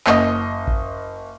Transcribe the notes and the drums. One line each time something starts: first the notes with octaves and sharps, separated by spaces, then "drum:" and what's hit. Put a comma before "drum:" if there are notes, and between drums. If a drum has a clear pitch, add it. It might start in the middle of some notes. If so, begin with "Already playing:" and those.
F#1 D#5, drum: clap
drum: kick A1